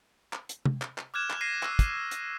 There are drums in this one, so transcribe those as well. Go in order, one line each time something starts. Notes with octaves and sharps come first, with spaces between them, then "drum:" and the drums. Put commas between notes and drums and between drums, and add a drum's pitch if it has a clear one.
drum: clap
drum: hi-hat
drum: tom C3
drum: clap
drum: clap
D6 F6 F#6 G#6 E7
drum: clap
A#6 C7 D#7
C#6 E6, drum: clap
drum: kick, hi-hat
drum: hi-hat